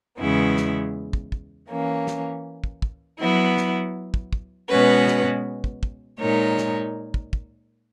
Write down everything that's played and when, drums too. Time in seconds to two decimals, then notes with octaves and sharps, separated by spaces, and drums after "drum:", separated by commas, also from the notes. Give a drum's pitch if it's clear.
0.19 E2 C#3 G#3 B3 E4
0.57 drum: snare
1.13 drum: kick
1.32 drum: kick
1.69 E3 A#3 C#4
2.07 drum: snare
2.64 drum: kick
2.82 drum: kick
3.20 F#3 B3 E4
3.57 drum: snare
4.14 drum: kick
4.33 drum: kick
4.70 B2 G#3 C#4 F#4 B4
5.08 drum: snare
5.64 drum: kick
5.83 drum: kick
6.20 A#2 G#3 D#4 A#4 C#5
6.58 drum: snare
7.14 drum: kick
7.33 drum: kick